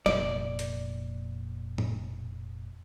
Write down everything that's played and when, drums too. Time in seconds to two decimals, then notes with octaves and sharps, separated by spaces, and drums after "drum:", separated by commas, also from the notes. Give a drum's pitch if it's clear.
0.06 F1 A#2 D5, drum: snare
0.59 drum: hi-hat
1.78 drum: tom A2